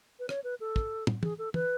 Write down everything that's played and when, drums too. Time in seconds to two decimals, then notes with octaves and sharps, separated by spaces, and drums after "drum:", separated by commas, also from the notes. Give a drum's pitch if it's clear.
0.19 B4
0.29 C#5, drum: rim click
0.44 B4
0.60 A4
0.76 drum: kick
1.07 drum: tom
1.23 G#4, drum: tom
1.38 A4
1.54 B4, drum: tom